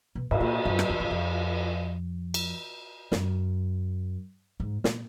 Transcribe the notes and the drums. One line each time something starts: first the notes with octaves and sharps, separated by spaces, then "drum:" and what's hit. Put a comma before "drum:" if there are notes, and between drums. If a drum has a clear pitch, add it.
B2
G#2, drum: cymbal
A#2
F#2
drum: rim click
F2
F#2
F2
drum: cymbal
F#2, drum: snare
G#2
A#2, drum: snare